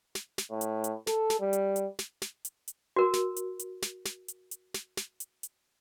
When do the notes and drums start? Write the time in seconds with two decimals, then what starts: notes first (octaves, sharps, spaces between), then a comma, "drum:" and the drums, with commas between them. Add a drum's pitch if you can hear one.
0.15 drum: snare
0.38 drum: snare
0.51 A2
0.61 drum: hi-hat
0.84 drum: hi-hat
1.07 A4, drum: snare
1.30 drum: snare
1.40 G3
1.53 drum: hi-hat
1.76 drum: hi-hat
1.99 drum: snare
2.22 drum: snare
2.45 drum: hi-hat
2.68 drum: hi-hat
2.96 F#4 A#4
3.14 drum: snare
3.36 drum: hi-hat
3.59 drum: hi-hat
3.82 drum: snare
4.05 drum: snare
4.28 drum: hi-hat
4.51 drum: hi-hat
4.74 drum: snare
4.97 drum: snare
5.20 drum: hi-hat
5.43 drum: hi-hat